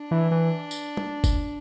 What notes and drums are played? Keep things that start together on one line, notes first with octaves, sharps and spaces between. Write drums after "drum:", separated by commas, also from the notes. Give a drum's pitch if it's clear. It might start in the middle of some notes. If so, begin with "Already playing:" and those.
Already playing: D4
E3
E3
drum: tambourine
drum: tom
drum: kick, tambourine